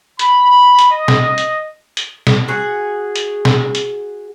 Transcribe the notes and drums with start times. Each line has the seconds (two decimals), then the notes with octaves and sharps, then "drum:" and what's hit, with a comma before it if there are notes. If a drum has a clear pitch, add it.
0.19 B5, drum: hi-hat
0.79 drum: hi-hat
0.90 D#5
1.08 drum: snare
1.38 drum: hi-hat
1.97 drum: hi-hat
2.27 drum: snare
2.48 F#4 G#4 F#5
3.16 drum: hi-hat
3.45 drum: snare
3.75 drum: hi-hat